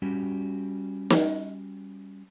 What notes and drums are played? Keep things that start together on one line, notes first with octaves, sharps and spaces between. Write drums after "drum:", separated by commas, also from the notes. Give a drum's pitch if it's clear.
G3 C#4 F#4 G4
drum: snare